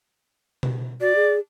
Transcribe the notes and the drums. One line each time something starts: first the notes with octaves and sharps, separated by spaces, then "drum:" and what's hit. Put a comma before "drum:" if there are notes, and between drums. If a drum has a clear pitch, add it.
drum: tom B2
F#4 D5
G#4